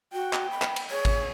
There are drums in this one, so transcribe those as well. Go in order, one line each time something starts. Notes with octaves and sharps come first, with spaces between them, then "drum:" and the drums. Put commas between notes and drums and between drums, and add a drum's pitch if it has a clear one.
F#4 G5
drum: clap
B5
drum: clap
drum: cymbal
G#4 C#5
drum: kick G#1, cymbal